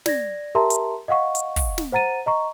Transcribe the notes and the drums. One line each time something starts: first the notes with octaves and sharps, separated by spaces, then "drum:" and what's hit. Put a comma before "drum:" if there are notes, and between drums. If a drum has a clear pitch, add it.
D5 G#6 A#6, drum: snare
G4 A#4 E5 A5 A#5 C6
drum: hi-hat
D#5 F5 F#5 C#6
drum: hi-hat
drum: kick, open hi-hat
drum: snare
C5 F#5 A#5 A6 D#7
D#5 A#5 C#6